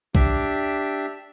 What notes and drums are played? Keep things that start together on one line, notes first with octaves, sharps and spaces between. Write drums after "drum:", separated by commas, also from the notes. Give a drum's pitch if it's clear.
D4 G4 E5, drum: kick